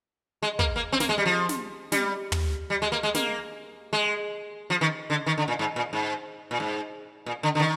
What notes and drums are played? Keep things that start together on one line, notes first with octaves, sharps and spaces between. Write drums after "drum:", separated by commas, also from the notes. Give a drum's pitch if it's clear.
G#3
A#3, drum: kick
A#3
C4
A#3, drum: snare
G#3
G3
F3
drum: snare
G3, drum: snare
drum: tom
G3
G#3
A#3
G#3
A#3, drum: snare
G#3
F3
D#3
D3
D#3
D3
A#2
G#2
A#2
G#2
A#2
G#2
A#2
D3
D3
D#3